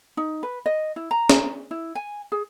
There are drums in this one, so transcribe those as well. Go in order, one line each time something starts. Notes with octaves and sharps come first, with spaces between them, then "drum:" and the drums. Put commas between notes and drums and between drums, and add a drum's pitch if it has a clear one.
D#4
B4
D#5
E4
A#5
drum: snare
E4
G#5
G#4